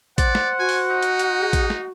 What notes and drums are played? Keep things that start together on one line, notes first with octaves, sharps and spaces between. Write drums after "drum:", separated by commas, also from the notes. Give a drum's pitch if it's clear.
C5 D5 F#5, drum: kick, hi-hat
drum: snare
F#4 G#5
drum: open hi-hat
D#4
drum: hi-hat
drum: hi-hat
G#4
drum: kick, hi-hat
drum: snare